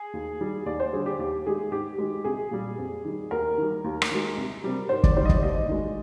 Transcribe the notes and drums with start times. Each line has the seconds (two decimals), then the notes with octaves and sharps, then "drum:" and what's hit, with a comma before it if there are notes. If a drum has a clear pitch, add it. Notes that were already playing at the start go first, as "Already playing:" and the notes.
Already playing: G#4
0.13 D#2
0.41 D#3 G3
0.66 D#2 D5
0.80 C5
0.93 D3 G3 G#4
1.06 G4
1.19 D#2 G4
1.46 D#3 G#3 G#4
1.72 G#2 G4
1.98 D#3 G#3
2.25 C2 G#4
2.51 A#2 G3
2.78 F2
3.05 D#3 G3
3.31 D#2 A#4
3.58 D#3 G3
3.84 D#2
4.02 drum: rim click
4.11 D#3 G#3
4.37 C2
4.64 C3 G3
4.89 G#2 C5
5.04 D5, drum: kick
5.16 D#3 G3 C5
5.25 D#5
5.29 D5, drum: kick
5.43 D#2 D#5
5.68 D#3 G#3